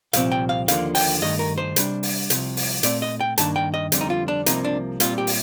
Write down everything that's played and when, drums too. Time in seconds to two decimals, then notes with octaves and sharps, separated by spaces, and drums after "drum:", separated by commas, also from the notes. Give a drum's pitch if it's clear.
0.13 C2 A#2 F3 C4 F5, drum: hi-hat
0.32 G5
0.49 F5
0.68 D#2 D3 F3 A#3 F5, drum: hi-hat
0.95 G5, drum: open hi-hat
1.22 G2 D#3 A3 D#5
1.39 A#4
1.58 C5
1.76 C3 G3 D4, drum: hi-hat
2.03 drum: open hi-hat
2.30 C2 C3 F3, drum: hi-hat
2.57 drum: open hi-hat
2.83 A#2 A3 C4 D5, drum: hi-hat
3.02 D#5
3.20 G5
3.38 G2 D#3 A#3 D4 A5, drum: hi-hat
3.56 G5
3.74 D#5
3.92 F2 D3 G3 C4, drum: hi-hat
4.01 D#4
4.10 F4
4.28 D4
4.46 C2 C3 F3 A#3 D#4, drum: hi-hat
4.65 D4
5.00 A#2 G3 C4 F4, drum: hi-hat
5.18 G4
5.27 drum: open hi-hat